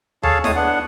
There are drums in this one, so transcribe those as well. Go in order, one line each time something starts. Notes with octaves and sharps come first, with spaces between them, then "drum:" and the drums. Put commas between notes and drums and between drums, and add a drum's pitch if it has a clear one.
G#4 A4 C#5 F5 A5, drum: tom D#2
A2 G#3 A3 C#5 D#6, drum: snare E4
B3 D4 F#5